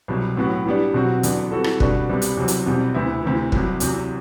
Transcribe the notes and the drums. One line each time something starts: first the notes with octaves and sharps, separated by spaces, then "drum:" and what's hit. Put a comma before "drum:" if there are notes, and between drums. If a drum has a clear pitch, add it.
C2 B2 F#3
A2 F#3 B3 F#4
E3 G3 B3 D4 G4
B2 F#3 C4 F#4
E2 D3 F#3 B3 D4, drum: hi-hat
E3 G3 C4 F#4 A4
drum: rim click
B2 G3 D4 F#4 B4, drum: kick
C2 C3 G3 B3
drum: hi-hat
E2 C3 F#3
drum: hi-hat
E2 B2 G3 C4
D2 C3 E3 B3 E4
D2 C3 E3
C2 C3 F#3, drum: kick
E2 C3 F#3 C4, drum: hi-hat